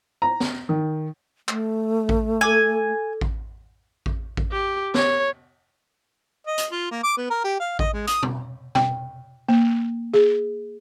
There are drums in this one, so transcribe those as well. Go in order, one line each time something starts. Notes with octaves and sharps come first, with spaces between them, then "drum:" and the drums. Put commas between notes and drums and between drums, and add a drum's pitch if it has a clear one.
A#5
drum: snare
D#3
A3, drum: clap
drum: kick A1
A4 G#5 D6 E6
drum: kick A1
drum: kick A1
drum: kick A1
G4
C#5, drum: snare
D#5
drum: hi-hat
F4
A#3
D6
B3
A#4
G4
F5
D#5, drum: kick A1
G#3
D#6, drum: hi-hat
drum: tom B2
G5, drum: tom B2
A#3
G#4